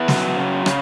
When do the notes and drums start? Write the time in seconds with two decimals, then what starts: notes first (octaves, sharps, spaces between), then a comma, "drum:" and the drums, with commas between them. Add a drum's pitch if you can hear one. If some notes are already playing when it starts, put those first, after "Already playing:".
Already playing: B3 E4
0.08 F#3, drum: snare
0.37 C#3
0.66 C#3, drum: rim click